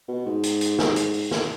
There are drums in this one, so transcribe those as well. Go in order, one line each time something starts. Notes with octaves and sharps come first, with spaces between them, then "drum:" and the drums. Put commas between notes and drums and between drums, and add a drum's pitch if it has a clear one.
B2
G#2
drum: hi-hat
drum: hi-hat
drum: snare
drum: hi-hat
drum: open hi-hat
drum: snare